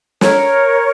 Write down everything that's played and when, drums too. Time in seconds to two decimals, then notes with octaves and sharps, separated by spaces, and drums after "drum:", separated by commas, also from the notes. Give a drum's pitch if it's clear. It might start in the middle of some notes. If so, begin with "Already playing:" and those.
0.21 A#4 C#5, drum: snare